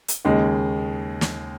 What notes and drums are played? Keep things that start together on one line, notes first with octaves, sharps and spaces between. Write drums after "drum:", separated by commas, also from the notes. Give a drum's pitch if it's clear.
drum: hi-hat
D#2 C#3 G#3
drum: snare